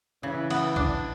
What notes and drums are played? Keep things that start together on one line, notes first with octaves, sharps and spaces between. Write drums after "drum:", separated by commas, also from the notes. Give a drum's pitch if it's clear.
C#3 E3
B3, drum: cymbal
D4, drum: kick A#1